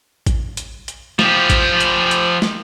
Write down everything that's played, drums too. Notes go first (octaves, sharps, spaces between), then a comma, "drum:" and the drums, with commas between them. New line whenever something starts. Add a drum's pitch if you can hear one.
drum: kick A1, hi-hat
drum: hi-hat
drum: hi-hat
F3 G4, drum: snare
drum: kick A1, hi-hat
drum: hi-hat
drum: hi-hat
drum: snare